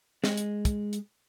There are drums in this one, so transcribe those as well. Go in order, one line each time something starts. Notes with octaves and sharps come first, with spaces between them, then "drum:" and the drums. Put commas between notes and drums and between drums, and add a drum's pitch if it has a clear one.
G#3, drum: snare
drum: hi-hat
drum: kick, hi-hat
drum: hi-hat